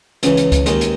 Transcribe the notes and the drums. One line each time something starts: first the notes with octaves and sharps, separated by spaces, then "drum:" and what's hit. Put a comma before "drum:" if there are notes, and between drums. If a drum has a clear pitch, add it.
C#2 C#3 E3, drum: hi-hat
drum: hi-hat
drum: kick C#2, hi-hat
D#2 D#3 G#3, drum: hi-hat
drum: hi-hat